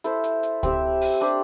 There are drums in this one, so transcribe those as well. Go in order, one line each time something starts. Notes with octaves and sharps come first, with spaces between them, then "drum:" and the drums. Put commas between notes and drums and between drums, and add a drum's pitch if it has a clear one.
E4 A4 C5, drum: hi-hat
drum: hi-hat
drum: hi-hat
C4 G4 E5, drum: kick C#2, hi-hat
drum: open hi-hat
D4 G4 C5